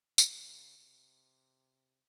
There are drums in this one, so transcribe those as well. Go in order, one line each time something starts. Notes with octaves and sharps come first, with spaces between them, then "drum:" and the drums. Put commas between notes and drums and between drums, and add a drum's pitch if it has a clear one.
C#3, drum: tambourine
C3